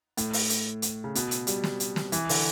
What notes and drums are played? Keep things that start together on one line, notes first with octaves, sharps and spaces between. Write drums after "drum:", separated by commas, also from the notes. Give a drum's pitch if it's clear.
A2, drum: hi-hat
drum: open hi-hat
drum: hi-hat
drum: hi-hat
C#3
B2, drum: hi-hat
drum: hi-hat
G3, drum: hi-hat
drum: snare
drum: hi-hat
drum: snare
E3, drum: hi-hat
D3, drum: open hi-hat